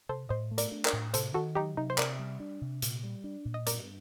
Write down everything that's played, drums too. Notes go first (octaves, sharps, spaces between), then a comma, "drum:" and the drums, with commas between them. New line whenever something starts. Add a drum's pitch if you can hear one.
C3 A4 C5
A2 C5 D#5
A3
A#4 D5, drum: hi-hat
D4
A#4 D5, drum: clap
A2
C3 A4 C5, drum: hi-hat
D#3 F#4 A4
F#3 D#4 G4
C3 D#4
C5
C3 A#4 D5, drum: clap
G3
D4
C3
A#2, drum: hi-hat
G3
D4
A#2
D#5
G2 A#4 D5, drum: hi-hat